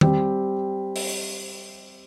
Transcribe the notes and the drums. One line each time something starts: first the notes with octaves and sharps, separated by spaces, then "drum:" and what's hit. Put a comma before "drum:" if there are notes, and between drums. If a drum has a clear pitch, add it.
G3 C4 G4, drum: tom D#3
drum: open hi-hat